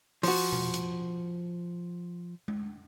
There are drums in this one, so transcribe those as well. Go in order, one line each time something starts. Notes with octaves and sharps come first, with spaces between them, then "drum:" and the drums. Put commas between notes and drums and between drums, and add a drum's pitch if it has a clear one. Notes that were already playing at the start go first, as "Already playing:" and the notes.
F3 F#4, drum: open hi-hat
drum: tom B2
drum: hi-hat
drum: tom G#3